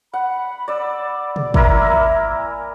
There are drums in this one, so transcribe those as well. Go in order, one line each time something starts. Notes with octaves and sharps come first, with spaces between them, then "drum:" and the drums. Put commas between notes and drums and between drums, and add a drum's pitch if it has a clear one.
F#5 B5
D5 E6
drum: tom
A#3 E4 A#4 E5, drum: kick
G#5